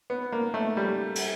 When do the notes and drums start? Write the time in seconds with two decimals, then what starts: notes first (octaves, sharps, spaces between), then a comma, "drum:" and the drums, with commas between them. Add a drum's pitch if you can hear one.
0.10 B3
0.32 A#3
0.54 A3
0.77 G3
1.15 drum: cymbal